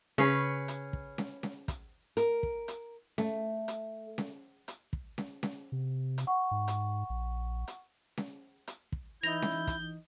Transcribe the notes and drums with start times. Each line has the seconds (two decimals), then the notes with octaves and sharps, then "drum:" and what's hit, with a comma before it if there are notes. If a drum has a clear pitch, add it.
0.18 C#3 C#4 G#4 B4, drum: snare C#4
0.68 drum: hi-hat
0.93 drum: kick
1.18 drum: snare C#4
1.43 drum: snare C#4
1.68 drum: kick, hi-hat
2.17 A#4, drum: hi-hat
2.43 drum: kick
2.68 drum: hi-hat
3.18 A3, drum: snare C#4
3.68 drum: hi-hat
4.18 drum: snare C#4
4.68 drum: hi-hat
4.93 drum: kick
5.18 drum: snare C#4
5.43 drum: snare C#4
5.72 C3
6.18 drum: hi-hat
6.27 F#5 C#6
6.51 G#2
6.68 drum: hi-hat
7.10 A#1
7.68 drum: hi-hat
8.17 drum: snare C#4
8.67 drum: hi-hat
8.92 drum: kick
9.23 E3 D#4 E4 D#5 G6 A#6 F7
9.42 drum: snare C#4
9.67 drum: kick, hi-hat